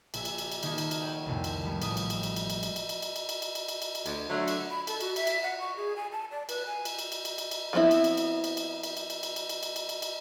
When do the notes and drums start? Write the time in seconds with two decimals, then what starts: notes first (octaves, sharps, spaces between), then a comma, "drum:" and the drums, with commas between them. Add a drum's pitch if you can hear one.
0.14 A#1 E5, drum: cymbal
0.25 drum: cymbal
0.38 drum: cymbal
0.52 drum: cymbal
0.63 D#3 A#3 D#4 F#4 G#4 A4, drum: cymbal
0.78 drum: cymbal
0.91 drum: cymbal
1.01 C#5 F#5 G5
1.26 C2 F2 A#2
1.44 drum: cymbal
1.64 F3 G3 A3 B3 C#4
1.82 A1 D#6, drum: cymbal
1.97 drum: cymbal
2.10 drum: cymbal
2.23 drum: cymbal
2.36 drum: cymbal
2.50 drum: cymbal
2.63 drum: cymbal
2.76 drum: cymbal
2.89 drum: cymbal
3.02 drum: cymbal
3.16 drum: cymbal
3.29 drum: cymbal
3.42 drum: cymbal
3.55 drum: cymbal
3.68 drum: cymbal
3.82 drum: cymbal
3.95 drum: cymbal
4.06 D2, drum: cymbal
4.29 D3 F#3 A3
4.48 drum: cymbal
4.71 B5
4.87 A4, drum: cymbal
5.00 F#4, drum: cymbal
5.16 E5, drum: cymbal
5.27 drum: cymbal
5.43 F#5
5.60 C#6
5.77 G#4
5.96 G#5
6.12 A5
6.31 D5
6.49 B4, drum: cymbal
6.66 G#5
6.85 drum: cymbal
6.99 drum: cymbal
7.12 drum: cymbal
7.25 drum: cymbal
7.38 drum: cymbal
7.51 drum: cymbal
7.73 F3 B3 C4 D4 E4
7.91 drum: cymbal
8.04 drum: cymbal
8.17 drum: cymbal
8.44 drum: cymbal
8.57 drum: cymbal
8.83 drum: cymbal
8.97 drum: cymbal
9.10 drum: cymbal
9.23 drum: cymbal
9.36 drum: cymbal
9.49 drum: cymbal
9.63 drum: cymbal
9.76 drum: cymbal
9.89 drum: cymbal
10.02 drum: cymbal